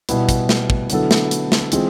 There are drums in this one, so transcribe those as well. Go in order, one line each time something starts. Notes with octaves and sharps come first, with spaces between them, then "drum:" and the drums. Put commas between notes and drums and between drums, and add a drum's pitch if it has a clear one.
B2 G3 B3 E4, drum: hi-hat
drum: kick, hi-hat
drum: snare
drum: kick
D3 F#3 B3 E4 A4, drum: hi-hat
drum: snare
drum: hi-hat
drum: snare
E3 G#3 C4 F4 G#4, drum: hi-hat